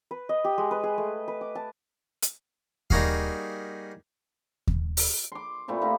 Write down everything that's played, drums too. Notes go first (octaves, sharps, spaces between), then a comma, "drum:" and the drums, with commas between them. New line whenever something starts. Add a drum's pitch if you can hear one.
B4
D#5
G4
G#3
B4
G#4
A3
B4
D6
A5
drum: hi-hat
G3 A#3 D#4 F#4 G#4 F5, drum: kick D#2
drum: kick D#2
drum: open hi-hat
C6 D6
A#2 A3 C4 E4
A#3 D#4 G4